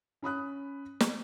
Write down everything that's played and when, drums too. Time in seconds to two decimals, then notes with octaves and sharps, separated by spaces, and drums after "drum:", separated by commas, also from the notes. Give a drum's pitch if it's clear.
0.22 C#4 B5 D#6 F#6
1.00 drum: snare